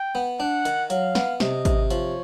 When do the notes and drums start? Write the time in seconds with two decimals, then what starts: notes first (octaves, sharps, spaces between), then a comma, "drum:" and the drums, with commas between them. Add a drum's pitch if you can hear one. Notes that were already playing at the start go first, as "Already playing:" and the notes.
Already playing: G5
0.15 B3
0.40 D4 F#5
0.65 D#3, drum: hi-hat
0.90 F#3 F5, drum: hi-hat
1.15 B3, drum: snare
1.40 C3 D#5, drum: snare
1.65 C3, drum: kick, hi-hat
1.90 F3 C#5, drum: hi-hat